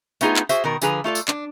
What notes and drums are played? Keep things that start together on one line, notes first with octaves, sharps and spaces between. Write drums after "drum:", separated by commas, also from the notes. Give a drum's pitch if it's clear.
A3 B3 D#4 F4 G#4, drum: tambourine
drum: clap
F#4 G#4 C5 E5, drum: tambourine
B2 D#3 A#4
D3 F3 G#4 B4 A#5, drum: tambourine
A3 F4 A4 D5
drum: tambourine
D4, drum: clap